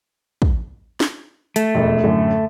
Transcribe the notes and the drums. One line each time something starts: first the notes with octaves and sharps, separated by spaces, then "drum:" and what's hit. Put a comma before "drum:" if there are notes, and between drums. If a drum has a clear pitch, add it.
drum: kick
drum: snare
A3, drum: hi-hat
E1 F2
F#2 A2 D3